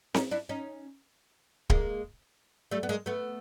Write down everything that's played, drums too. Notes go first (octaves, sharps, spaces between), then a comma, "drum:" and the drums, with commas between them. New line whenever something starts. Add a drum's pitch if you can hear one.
C#4 D#4, drum: snare C4
D4 E4
C#4 D#4
G#3 A#3, drum: kick D1
G3 A3
B3
G#3 A#3
A3 B3